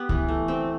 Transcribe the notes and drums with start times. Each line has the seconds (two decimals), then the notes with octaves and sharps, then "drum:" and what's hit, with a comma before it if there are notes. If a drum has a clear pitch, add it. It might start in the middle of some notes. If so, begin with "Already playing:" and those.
Already playing: B3 G4
0.09 E3, drum: kick C#2
0.28 A3
0.48 C4